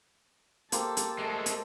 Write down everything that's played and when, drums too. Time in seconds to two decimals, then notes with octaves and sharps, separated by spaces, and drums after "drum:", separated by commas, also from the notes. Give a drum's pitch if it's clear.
0.72 A#3 G4 A4 C5, drum: hi-hat
0.97 drum: hi-hat
1.19 G#3 A3
1.46 drum: hi-hat